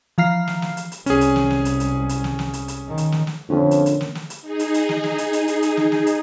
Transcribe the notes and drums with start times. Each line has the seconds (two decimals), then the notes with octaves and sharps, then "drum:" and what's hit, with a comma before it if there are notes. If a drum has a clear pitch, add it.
0.18 E3 F3 F5 A#5 F6 C7
0.47 drum: snare
0.62 drum: snare
0.77 drum: hi-hat
0.92 drum: hi-hat
1.06 C2 C#4 G#4, drum: hi-hat
1.21 drum: hi-hat
1.36 drum: snare
1.50 drum: snare
1.65 drum: hi-hat
1.80 drum: hi-hat
2.09 drum: hi-hat
2.24 drum: snare
2.39 drum: snare
2.53 drum: hi-hat
2.68 drum: hi-hat
2.88 D#3
2.98 drum: hi-hat
3.12 drum: snare
3.27 drum: snare
3.50 F2 A#2 D3 C#4
3.71 drum: hi-hat
3.86 drum: hi-hat
4.01 drum: snare
4.15 drum: snare
4.30 drum: hi-hat
4.41 D#4 G#4
4.59 drum: hi-hat
4.74 drum: hi-hat
4.89 drum: snare
5.04 drum: snare
5.18 drum: hi-hat
5.33 drum: hi-hat
5.48 drum: hi-hat
5.62 drum: hi-hat
5.77 drum: snare
5.92 drum: snare
6.07 drum: hi-hat